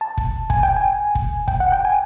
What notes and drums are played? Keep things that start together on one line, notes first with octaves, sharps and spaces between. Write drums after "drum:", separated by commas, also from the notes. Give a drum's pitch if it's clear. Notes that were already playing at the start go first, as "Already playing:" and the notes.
A5
drum: kick
G#5, drum: kick
G5
G#5
drum: kick
G5, drum: kick
F#5
G5
G#5